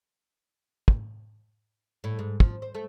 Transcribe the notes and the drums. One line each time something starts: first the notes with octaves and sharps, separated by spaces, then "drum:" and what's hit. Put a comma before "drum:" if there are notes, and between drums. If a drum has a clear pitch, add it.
drum: kick
A2
G#2
F3, drum: kick
C5
A3